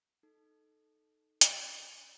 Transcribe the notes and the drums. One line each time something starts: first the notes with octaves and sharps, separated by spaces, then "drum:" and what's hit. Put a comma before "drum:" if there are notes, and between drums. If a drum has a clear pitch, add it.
D#4 A4
drum: hi-hat